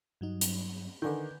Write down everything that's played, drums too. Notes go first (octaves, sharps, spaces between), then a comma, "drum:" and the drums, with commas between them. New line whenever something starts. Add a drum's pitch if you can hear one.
G2 F#3 D#4
drum: hi-hat
D3 D#3 B4 G#5 G6